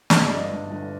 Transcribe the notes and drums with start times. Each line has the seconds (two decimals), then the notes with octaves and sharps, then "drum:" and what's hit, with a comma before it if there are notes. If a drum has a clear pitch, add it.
0.10 G2 D#5, drum: snare
0.22 D5
0.30 G1
0.35 D#5
0.51 G2
0.71 G1